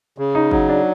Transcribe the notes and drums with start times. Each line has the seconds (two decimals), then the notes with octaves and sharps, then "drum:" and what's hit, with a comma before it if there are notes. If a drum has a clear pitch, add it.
0.18 C#3
0.35 D#4
0.51 F#3 D#4, drum: kick
0.69 D4